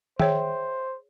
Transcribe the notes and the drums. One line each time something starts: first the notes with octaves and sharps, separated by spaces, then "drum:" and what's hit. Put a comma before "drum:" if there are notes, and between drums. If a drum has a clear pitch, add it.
G#4 C5 C#5 E5 G5, drum: tom D#3